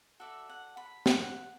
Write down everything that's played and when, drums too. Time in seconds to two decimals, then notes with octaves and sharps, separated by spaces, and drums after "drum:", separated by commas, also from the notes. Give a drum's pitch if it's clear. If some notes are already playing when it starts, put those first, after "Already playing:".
0.20 F#4 A4 D5 E5
0.49 F#5
0.77 B5
1.06 F#5, drum: snare